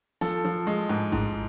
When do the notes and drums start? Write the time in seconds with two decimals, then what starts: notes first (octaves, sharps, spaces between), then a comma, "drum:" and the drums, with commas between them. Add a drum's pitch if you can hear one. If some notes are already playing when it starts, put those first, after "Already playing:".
0.21 F3 A4, drum: snare
0.45 F3
0.67 G#3
0.89 G#2
1.12 G#2, drum: kick G#1